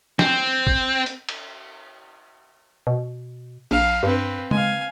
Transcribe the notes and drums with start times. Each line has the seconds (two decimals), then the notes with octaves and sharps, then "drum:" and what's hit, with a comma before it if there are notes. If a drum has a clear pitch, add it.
0.19 C4, drum: snare
0.67 drum: kick
1.06 drum: hi-hat
1.29 drum: cymbal
2.87 B2
3.71 A#1 F5, drum: cymbal
4.03 G2 C4 B4
4.51 G#3 F5 G#5, drum: tom C#3